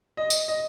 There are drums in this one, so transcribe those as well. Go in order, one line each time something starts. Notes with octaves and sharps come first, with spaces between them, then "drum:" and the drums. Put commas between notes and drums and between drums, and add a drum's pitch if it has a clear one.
D#5
drum: tambourine
D#5